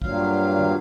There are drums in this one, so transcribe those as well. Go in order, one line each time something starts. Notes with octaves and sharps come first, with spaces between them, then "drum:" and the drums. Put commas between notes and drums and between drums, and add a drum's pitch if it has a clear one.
G2 A#2 F#3 F5, drum: kick A1
drum: tom